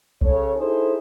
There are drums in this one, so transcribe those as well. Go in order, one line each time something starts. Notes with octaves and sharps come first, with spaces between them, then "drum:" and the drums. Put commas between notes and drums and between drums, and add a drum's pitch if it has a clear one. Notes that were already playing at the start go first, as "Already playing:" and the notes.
C#3 A4 C#5, drum: kick B1
D#4 E4 G#4 A4 C5